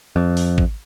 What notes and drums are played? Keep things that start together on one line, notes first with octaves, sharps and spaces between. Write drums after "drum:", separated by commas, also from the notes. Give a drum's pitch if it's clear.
F2
drum: open hi-hat
drum: kick